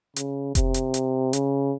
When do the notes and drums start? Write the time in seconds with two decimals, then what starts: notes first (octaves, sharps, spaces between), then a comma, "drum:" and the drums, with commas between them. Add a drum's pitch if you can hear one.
0.16 C#3, drum: hi-hat
0.55 C3, drum: kick F1, hi-hat
0.74 drum: hi-hat
0.94 drum: hi-hat
1.33 C#3, drum: hi-hat